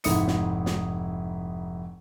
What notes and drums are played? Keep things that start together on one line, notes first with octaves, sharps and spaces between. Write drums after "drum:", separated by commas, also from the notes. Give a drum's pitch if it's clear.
F1 G#2 E4 D#6 C#7, drum: hi-hat
drum: snare
drum: snare